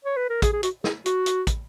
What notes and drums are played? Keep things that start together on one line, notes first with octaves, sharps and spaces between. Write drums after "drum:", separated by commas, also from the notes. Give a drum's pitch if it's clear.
C#5
B4
A#4
G#4, drum: kick, hi-hat
G#4
F#4, drum: hi-hat
G#4, drum: snare
F#4, drum: hi-hat
drum: hi-hat
drum: kick, hi-hat